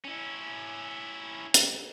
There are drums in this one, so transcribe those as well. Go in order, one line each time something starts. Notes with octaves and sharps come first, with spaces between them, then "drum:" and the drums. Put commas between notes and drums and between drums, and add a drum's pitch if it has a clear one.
C#4 E4
drum: hi-hat